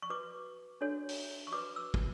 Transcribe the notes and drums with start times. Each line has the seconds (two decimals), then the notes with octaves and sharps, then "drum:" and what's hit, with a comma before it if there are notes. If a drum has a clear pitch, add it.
0.02 C#6
0.10 F#4 B4 D6
0.81 D4 F#4 A4 C#5
1.09 drum: open hi-hat
1.47 C#6
1.52 F#4 B4 D6
1.76 E6
1.94 drum: kick